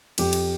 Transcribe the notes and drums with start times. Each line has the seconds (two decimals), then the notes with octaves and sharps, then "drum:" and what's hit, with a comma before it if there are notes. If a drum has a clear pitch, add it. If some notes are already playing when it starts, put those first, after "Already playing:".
0.18 F2 G4, drum: cymbal
0.33 drum: cymbal